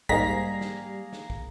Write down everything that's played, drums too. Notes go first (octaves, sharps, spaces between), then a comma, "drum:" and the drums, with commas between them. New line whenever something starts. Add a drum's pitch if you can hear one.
G#2 G3 A#3 G#4 A#5 B6, drum: kick
drum: snare
drum: snare
drum: kick